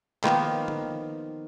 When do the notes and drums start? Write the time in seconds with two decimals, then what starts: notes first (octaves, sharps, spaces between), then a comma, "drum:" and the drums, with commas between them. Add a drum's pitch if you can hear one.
0.24 D#3 F3 A#3 B3, drum: clap
0.68 drum: tom D3